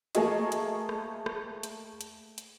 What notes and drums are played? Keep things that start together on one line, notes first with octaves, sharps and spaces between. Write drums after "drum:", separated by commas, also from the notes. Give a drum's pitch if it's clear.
A3 A#3 G#4 D#5, drum: hi-hat
drum: hi-hat
drum: rim click
drum: rim click
drum: hi-hat
drum: hi-hat
drum: hi-hat